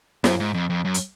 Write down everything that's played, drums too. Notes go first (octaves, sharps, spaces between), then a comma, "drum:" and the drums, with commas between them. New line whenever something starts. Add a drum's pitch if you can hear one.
F#2, drum: snare
G#2
F2
F2
F#2
drum: hi-hat